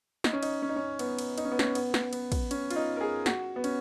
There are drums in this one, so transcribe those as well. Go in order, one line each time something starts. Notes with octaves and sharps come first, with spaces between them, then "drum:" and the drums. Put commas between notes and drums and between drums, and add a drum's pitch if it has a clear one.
D#4, drum: snare
C#4
D#4, drum: cymbal
C#4
D#4
C#4
B3, drum: cymbal
drum: cymbal
D#4, drum: cymbal
C#4
B3
C#4, drum: snare
B3, drum: cymbal
drum: snare
B3, drum: cymbal
drum: kick, cymbal
C#4, drum: cymbal
F4, drum: cymbal
D#4
A#4
G#4
F#4, drum: snare
B3
C#4, drum: cymbal